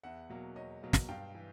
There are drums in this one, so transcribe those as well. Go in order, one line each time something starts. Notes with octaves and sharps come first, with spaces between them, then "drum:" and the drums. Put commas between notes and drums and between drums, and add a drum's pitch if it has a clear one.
E2 E5 F#5
B2 F#3 A#3
E2 C#5 D#5
B2 F#3 A#3
drum: snare
G2 F5 G5
E3